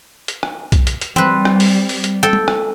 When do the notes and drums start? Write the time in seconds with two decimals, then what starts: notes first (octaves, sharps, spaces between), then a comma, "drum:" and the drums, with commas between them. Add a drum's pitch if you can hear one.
0.28 drum: hi-hat
0.43 drum: rim click
0.72 drum: kick, hi-hat
0.87 drum: hi-hat
1.01 drum: hi-hat
1.16 G3 C4 B4, drum: tom
1.45 drum: rim click
1.60 drum: open hi-hat
1.89 drum: open hi-hat
2.04 drum: hi-hat
2.23 A4 G5
2.33 drum: tom
2.48 drum: rim click